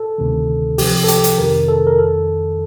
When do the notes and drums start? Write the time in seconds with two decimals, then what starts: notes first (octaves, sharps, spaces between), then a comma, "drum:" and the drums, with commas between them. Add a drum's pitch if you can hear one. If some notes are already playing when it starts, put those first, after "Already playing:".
Already playing: A4
0.18 D2 C3 D#3
0.78 C2 C3 F3 G4, drum: open hi-hat
1.04 A4
1.08 G4, drum: hi-hat
1.24 drum: hi-hat
1.38 F2 C3 D#3 A#4
1.68 A4
1.87 A#4
1.98 F2 D#3 A4